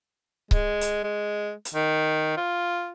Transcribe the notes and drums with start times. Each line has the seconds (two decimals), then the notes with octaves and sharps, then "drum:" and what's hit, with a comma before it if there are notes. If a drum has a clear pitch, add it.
0.51 G#3, drum: kick C#1
0.81 drum: hi-hat
1.04 G#3
1.65 drum: hi-hat
1.74 D#3
2.37 F4